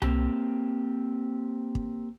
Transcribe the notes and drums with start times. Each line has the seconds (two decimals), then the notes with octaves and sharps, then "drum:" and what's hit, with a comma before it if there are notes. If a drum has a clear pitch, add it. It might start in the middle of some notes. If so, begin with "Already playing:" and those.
0.02 A#3 C4 G4, drum: tom C2
1.75 drum: kick